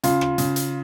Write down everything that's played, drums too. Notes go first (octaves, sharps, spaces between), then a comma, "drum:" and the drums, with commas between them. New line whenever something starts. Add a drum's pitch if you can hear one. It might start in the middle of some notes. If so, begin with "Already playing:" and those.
C#3 F4, drum: hi-hat
drum: rim click
C#3, drum: hi-hat
drum: hi-hat